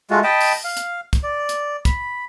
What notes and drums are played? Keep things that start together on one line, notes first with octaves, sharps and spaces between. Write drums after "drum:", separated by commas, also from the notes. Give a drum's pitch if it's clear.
G#3 A3 F4 F#4
D#5 G5 A5 B5
drum: open hi-hat
F5
drum: hi-hat
drum: kick, hi-hat
D5
drum: hi-hat
B5, drum: kick, hi-hat